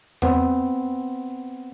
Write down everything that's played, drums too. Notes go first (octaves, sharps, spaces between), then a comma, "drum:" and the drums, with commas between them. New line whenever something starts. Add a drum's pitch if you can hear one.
B3 C4, drum: tom E2